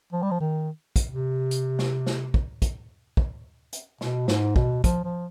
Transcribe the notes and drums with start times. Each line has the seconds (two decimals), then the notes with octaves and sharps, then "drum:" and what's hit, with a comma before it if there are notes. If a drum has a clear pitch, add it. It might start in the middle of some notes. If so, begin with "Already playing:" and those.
0.12 F3
0.22 G3
0.31 F3
0.40 D#3
0.96 drum: kick, hi-hat
1.09 C3
1.51 drum: hi-hat
1.79 drum: snare
2.06 drum: snare
2.34 drum: kick
2.62 drum: kick, hi-hat
3.17 drum: kick
3.73 drum: hi-hat
4.01 B2, drum: snare
4.28 G#2, drum: snare
4.56 B2, drum: kick
4.84 F3, drum: kick, hi-hat
5.05 F3